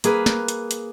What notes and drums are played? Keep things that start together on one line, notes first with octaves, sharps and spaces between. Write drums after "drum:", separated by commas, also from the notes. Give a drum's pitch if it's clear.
A#3 G#4 B4, drum: hi-hat
drum: snare
drum: hi-hat
drum: hi-hat